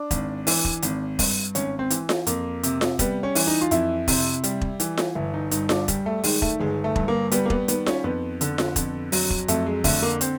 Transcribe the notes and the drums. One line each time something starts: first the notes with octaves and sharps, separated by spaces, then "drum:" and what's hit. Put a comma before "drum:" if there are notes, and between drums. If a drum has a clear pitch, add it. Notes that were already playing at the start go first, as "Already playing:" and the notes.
Already playing: D4
G#1, drum: kick E1, hi-hat
E3, drum: open hi-hat
drum: kick E1
G#1, drum: hi-hat
G2, drum: kick E1, open hi-hat
G#1 C#4, drum: hi-hat
C4
E3, drum: hi-hat
drum: snare F4
F2 A#3, drum: hi-hat
C3, drum: hi-hat
drum: snare F4
G3 B3, drum: kick E1, hi-hat
C#4
E3, drum: open hi-hat
D#4
F4
F2 E4, drum: hi-hat
C3, drum: kick E1, open hi-hat
G3, drum: hi-hat
drum: kick E1
E3, drum: hi-hat
drum: snare F4
G1 E4
D#4
G2 D#4, drum: hi-hat
D4, drum: snare F4
G3, drum: kick E1, hi-hat
A3
D#3 G#3, drum: open hi-hat
A3, drum: kick E1
G1 G#3
A3
G2, drum: kick E1
A#3
G3 B3, drum: hi-hat
A#3
B3, drum: kick E1
D#3 B3, drum: hi-hat
C#4, drum: snare F4
F2 B3
D3, drum: hi-hat
drum: snare F4
F2, drum: kick E1, hi-hat
F#3, drum: open hi-hat
drum: kick E1
F2 A3, drum: hi-hat
G#3
D3 A3, drum: kick E1, open hi-hat
A#3
C4, drum: hi-hat